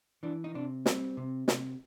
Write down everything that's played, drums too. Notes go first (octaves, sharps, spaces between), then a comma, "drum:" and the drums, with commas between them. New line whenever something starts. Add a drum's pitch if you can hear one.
E3 D4
D#4
C3 D4
G3 C4, drum: snare
C3
C3, drum: snare